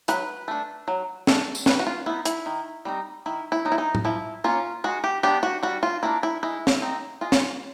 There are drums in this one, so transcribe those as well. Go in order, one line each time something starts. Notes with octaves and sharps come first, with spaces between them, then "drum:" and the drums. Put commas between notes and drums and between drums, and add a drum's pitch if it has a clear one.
F#3 B4, drum: hi-hat
A3 D4
F#3
A3 D4, drum: snare
drum: tambourine
G3 B4, drum: snare
F#4
F4
B3 D#4 E4
E4, drum: hi-hat
D#3
G3 C4 D#4
D#3 E4
E4
F#3 B3 D#4
E4
D#4
drum: tom A2
F3 E4
A#3 C#4 F4
G#3 F#4
G4
B3 D4 G4
F#4
G3 F#4
F4
A#3 D4 E4
E4
G#3 E4
drum: snare
C4 D#4
G#3 F4
drum: snare